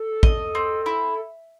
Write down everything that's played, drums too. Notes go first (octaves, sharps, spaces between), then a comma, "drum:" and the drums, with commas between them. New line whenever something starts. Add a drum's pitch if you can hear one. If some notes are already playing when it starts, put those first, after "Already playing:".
Already playing: A4
D#5, drum: kick A1
C4
E4